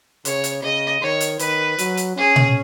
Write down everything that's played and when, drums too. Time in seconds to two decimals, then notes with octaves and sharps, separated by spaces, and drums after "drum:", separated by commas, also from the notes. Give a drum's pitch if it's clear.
0.25 C#3 C#5, drum: hi-hat
0.44 drum: hi-hat
0.62 C#3 D#5
1.01 D#3 C#5
1.21 drum: hi-hat
1.39 D#3 B4, drum: hi-hat
1.79 F#3, drum: hi-hat
1.97 drum: hi-hat
2.16 C#4 G#4
2.36 drum: tom A#2